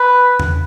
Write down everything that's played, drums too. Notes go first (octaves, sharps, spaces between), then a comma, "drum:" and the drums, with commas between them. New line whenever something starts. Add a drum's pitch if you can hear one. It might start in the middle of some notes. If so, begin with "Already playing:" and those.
Already playing: B4
drum: tom E2